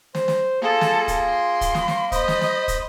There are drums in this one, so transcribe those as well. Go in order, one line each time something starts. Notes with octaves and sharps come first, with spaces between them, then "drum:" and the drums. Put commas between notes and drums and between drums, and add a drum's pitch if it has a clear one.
C5, drum: snare
drum: snare
A#3 F4 G#4 A4
drum: snare
drum: kick, hi-hat
C6
drum: kick, hi-hat
drum: snare
drum: snare
C5 D#5 B5 D#6, drum: kick, hi-hat
drum: snare
drum: snare
drum: kick, hi-hat